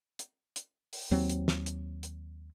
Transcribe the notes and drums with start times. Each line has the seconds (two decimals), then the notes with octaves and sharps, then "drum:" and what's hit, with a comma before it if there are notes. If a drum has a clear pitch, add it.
0.19 drum: hi-hat
0.56 drum: hi-hat
0.93 drum: open hi-hat
1.11 D#2 F#3 C4
1.30 drum: hi-hat
1.48 drum: snare
1.66 drum: hi-hat
2.03 drum: hi-hat